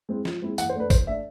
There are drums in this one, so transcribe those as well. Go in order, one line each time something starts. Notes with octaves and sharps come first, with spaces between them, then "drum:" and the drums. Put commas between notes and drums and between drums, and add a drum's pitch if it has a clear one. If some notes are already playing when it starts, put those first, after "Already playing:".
G#3 C4 E4
F3, drum: snare
G#3 C4 E4
E3 F#5, drum: tambourine
C5
A3 D4 B4
E3 C5, drum: kick, tambourine
A3 D4 E5